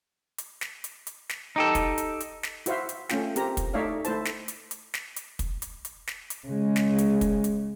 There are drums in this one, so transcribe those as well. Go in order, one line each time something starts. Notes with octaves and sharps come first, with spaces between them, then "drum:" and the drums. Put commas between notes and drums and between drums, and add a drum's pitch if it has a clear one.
drum: hi-hat
drum: snare
drum: hi-hat
drum: hi-hat
drum: snare
D#4 G4 A4
drum: kick, hi-hat
drum: hi-hat
drum: hi-hat
drum: snare
E4 F#4 C5 E5 F5, drum: hi-hat
drum: hi-hat
A3 C#4 F4 G5, drum: snare
C4 G4 A#4 A#5, drum: hi-hat
drum: kick, hi-hat
A3 D#4 C#5 D5 E5 F5
A3 E4 C5 A5, drum: hi-hat
drum: snare
drum: hi-hat
drum: hi-hat
drum: snare
drum: hi-hat
drum: kick, hi-hat
drum: hi-hat
drum: hi-hat
drum: snare
drum: hi-hat
C#3 G#3
drum: snare
drum: hi-hat
drum: kick, hi-hat
drum: hi-hat